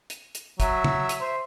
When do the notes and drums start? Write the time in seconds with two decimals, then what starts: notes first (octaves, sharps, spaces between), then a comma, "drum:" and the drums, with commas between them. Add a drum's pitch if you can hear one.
0.10 drum: hi-hat
0.35 drum: hi-hat
0.60 F#3 E5, drum: kick, hi-hat
0.84 drum: tom
1.09 drum: hi-hat
1.21 C5